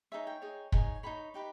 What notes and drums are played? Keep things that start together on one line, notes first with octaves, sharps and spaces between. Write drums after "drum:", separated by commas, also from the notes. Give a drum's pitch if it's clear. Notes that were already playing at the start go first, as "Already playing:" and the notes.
D#4 G#4 C#5 E5
G5
D#4 G#4 C#5
D#4 G#4 C#5 G#5, drum: kick
D#4 G#4 C#5 B5
D#4 G4 B4